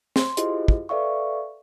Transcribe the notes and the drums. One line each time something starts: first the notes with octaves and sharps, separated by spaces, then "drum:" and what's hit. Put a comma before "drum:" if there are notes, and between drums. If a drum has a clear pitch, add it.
C6, drum: snare
E4 F4 G4 G#4 C5 D#5, drum: hi-hat
drum: kick
A4 B4 D5 E5 F5 C#6